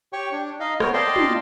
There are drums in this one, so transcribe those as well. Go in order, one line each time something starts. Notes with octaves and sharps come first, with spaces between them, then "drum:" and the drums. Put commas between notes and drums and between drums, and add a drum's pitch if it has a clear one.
G4 C#5 G5 C#6
D4
D#4 D#5 F5
B3 C4 A#4 C#5 G5, drum: rim click
D5 D#5 F5 G5 A5 C6
drum: tom